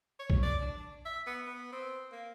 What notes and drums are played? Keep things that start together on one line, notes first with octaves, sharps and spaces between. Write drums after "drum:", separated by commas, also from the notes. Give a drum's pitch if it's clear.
C#5
drum: kick
D5
D4
E5
B3
B3
C4
A#3